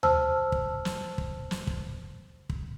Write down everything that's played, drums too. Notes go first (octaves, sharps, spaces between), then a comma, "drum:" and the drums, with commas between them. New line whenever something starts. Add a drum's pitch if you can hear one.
C5 A5 E6 F6, drum: tom D2
drum: kick
drum: snare
drum: kick
drum: snare
drum: kick
drum: kick